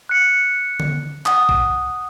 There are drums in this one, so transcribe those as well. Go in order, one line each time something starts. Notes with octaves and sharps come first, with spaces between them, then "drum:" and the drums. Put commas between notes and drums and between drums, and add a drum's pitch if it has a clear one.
F#6 C#7
drum: tom D3
F#5 D#6, drum: clap
drum: kick B1